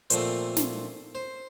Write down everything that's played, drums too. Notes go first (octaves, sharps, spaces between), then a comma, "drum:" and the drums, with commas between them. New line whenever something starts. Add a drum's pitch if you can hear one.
A#2 F3 A3 C4 C5, drum: hi-hat
drum: snare
C5